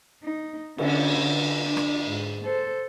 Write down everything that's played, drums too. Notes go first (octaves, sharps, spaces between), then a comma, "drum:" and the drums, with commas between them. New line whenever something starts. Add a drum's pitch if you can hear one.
D#4
D3 C#4, drum: cymbal
D3
D4
drum: rim click
G#2
A4 C5